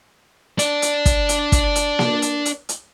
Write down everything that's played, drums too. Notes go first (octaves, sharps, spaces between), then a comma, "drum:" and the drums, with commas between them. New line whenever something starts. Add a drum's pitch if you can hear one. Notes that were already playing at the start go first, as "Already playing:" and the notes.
D4 D5, drum: hi-hat
drum: hi-hat
drum: kick, hi-hat
drum: hi-hat
drum: kick, hi-hat
drum: hi-hat
drum: snare A#3
drum: hi-hat
drum: hi-hat
drum: hi-hat